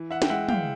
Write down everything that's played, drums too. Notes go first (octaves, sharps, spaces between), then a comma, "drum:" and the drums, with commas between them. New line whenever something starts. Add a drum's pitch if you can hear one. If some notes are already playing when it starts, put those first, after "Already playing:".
Already playing: E3
E5 F#5
G5, drum: snare
G#3 E5 F#5
F5 G5, drum: tom